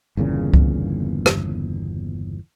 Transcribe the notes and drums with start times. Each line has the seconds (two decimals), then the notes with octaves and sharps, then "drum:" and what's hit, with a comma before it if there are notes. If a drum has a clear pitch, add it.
0.17 G1 E2 A#2 C#3
0.54 drum: kick C#2
1.26 drum: rim click